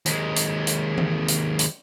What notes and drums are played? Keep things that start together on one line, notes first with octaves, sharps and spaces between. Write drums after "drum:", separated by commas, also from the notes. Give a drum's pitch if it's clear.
D#2 G#3, drum: hi-hat
drum: hi-hat
drum: hi-hat
drum: tom E3
drum: hi-hat
drum: hi-hat